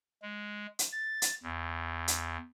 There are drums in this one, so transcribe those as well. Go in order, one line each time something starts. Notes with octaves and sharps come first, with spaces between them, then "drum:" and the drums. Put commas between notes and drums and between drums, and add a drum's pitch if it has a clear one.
G#3
drum: hi-hat
A6
drum: hi-hat
E2
drum: hi-hat